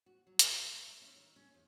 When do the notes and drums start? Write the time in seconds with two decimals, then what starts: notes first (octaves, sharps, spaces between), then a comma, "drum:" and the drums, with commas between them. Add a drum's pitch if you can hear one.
0.06 F#4
0.27 F#3
0.39 A3, drum: hi-hat
0.63 A3
0.88 E5
1.02 C#4
1.16 D#3
1.36 C#4
1.54 E2